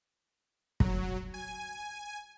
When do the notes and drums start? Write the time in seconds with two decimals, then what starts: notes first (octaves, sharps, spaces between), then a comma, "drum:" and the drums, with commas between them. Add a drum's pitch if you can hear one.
0.80 F#3, drum: kick
1.34 G#5